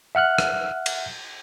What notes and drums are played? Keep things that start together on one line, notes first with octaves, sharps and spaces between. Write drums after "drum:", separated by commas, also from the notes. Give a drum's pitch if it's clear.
E5 F#5 F6 F#6
drum: rim click
drum: cymbal